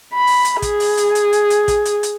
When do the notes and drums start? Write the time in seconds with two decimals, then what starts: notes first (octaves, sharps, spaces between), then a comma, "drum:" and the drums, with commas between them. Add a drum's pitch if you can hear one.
0.14 B5
0.27 drum: open hi-hat
0.45 drum: hi-hat
0.62 G#4, drum: kick, hi-hat
0.80 drum: open hi-hat
0.97 drum: hi-hat
1.15 drum: hi-hat
1.33 drum: hi-hat
1.50 drum: hi-hat
1.68 drum: kick, hi-hat
1.85 drum: hi-hat
2.03 drum: hi-hat